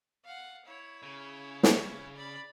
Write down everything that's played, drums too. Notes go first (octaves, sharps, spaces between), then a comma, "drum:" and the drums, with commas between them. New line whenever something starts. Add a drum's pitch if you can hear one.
F5 F#5
E4 C#5
C#3
drum: snare
D5 B5